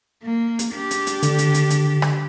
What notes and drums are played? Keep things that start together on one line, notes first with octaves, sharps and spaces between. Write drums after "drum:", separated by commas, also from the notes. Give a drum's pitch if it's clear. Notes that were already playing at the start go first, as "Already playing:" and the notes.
A#3
drum: hi-hat
D4 G4
drum: hi-hat
drum: hi-hat
D3, drum: hi-hat
drum: hi-hat
drum: hi-hat
drum: hi-hat
drum: rim click